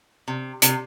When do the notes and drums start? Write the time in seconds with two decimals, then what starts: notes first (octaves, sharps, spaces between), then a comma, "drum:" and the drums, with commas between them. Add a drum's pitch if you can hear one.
0.28 C3
0.62 C3, drum: hi-hat